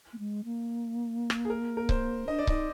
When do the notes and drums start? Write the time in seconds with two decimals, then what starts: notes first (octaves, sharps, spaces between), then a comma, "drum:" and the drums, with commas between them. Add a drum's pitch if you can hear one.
0.13 A#3
0.19 G#3
0.45 A#3
1.30 drum: rim click
1.45 G#4
1.50 A#4
1.77 A#4
1.89 C5, drum: kick C#1
2.28 D4 D#5
2.39 D5
2.47 D#4 D#5, drum: kick C#1